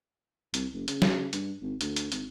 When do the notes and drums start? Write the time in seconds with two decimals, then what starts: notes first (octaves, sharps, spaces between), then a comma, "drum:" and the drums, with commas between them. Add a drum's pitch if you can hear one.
0.54 C2, drum: hi-hat
0.74 F#1
0.88 C#3, drum: hi-hat
1.02 drum: snare
1.33 G2, drum: hi-hat
1.62 G#1
1.81 D2, drum: hi-hat
1.96 drum: hi-hat
2.12 G#1, drum: hi-hat